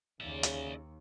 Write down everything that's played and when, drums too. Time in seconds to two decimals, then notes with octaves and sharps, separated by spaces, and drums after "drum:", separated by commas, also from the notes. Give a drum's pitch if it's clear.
0.21 D#2 C#3 D5 E5
0.43 drum: hi-hat